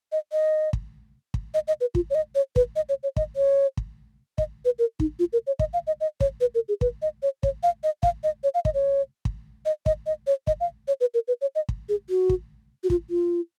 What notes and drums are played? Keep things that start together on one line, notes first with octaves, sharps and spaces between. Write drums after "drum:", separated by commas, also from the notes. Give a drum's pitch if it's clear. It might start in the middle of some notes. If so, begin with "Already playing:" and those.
D#5
D#5
drum: kick
drum: kick
D#5
D#5
B4
F4, drum: kick
C#5
D#5
C#5
B4, drum: kick
D#5
C#5
C#5
D#5, drum: kick
C#5
drum: kick
D#5, drum: kick
B4
A#4
D#4, drum: kick
F4
A#4
C#5
D#5, drum: kick
F5
D#5
D#5
C#5, drum: kick
B4
A#4
G#4
B4, drum: kick
D#5
C#5
C#5, drum: kick
F5
D#5
F5, drum: kick
D#5
C#5
F5
D#5, drum: kick
C#5
drum: kick
D#5
D#5, drum: kick
D#5
C#5
D#5, drum: kick
F5
C#5
B4
A#4
B4
C#5
D#5
drum: kick
G#4
F#4
drum: kick
F#4
F4, drum: kick
F4